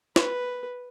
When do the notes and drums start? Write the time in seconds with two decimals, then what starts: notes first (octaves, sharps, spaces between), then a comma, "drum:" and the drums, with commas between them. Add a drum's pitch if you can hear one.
0.16 B4, drum: snare